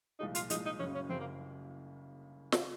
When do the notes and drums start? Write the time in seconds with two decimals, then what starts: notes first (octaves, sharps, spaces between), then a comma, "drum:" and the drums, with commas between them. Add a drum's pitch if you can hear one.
0.19 C2 A#2 F3 G#3 D#4
0.35 F4, drum: hi-hat
0.50 C2 A#2 F3 G#3 D#4, drum: hi-hat
0.65 D#4
0.79 F#1 F#2 C#3 C#4
0.94 C#4
1.10 F#1 F#2 C#3 C4
1.20 A#3
2.52 drum: snare